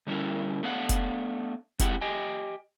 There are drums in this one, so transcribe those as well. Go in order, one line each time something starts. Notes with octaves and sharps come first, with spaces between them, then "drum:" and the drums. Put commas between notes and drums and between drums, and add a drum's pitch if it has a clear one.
D3 G3 C#4 E4 A#4
A3 B3 D4 F5 F#5
drum: kick F1, hi-hat
G#3 C4 E4 G4 F#5, drum: kick F1, hi-hat
G4 D#5 G5 G#5